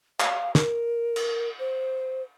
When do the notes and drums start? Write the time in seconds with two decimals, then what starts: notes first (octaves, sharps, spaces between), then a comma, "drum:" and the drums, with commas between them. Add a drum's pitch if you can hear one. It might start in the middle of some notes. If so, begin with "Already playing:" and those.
0.20 F5, drum: clap
0.55 A#4, drum: snare
1.16 drum: cymbal
1.60 C5